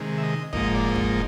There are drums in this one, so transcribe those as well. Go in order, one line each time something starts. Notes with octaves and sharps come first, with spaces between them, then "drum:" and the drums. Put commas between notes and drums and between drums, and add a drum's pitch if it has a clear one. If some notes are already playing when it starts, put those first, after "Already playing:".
Already playing: C3 D#3 G#3
E5
D#5
G#2 F3 A#3 D#4 D#5, drum: kick
D5
drum: kick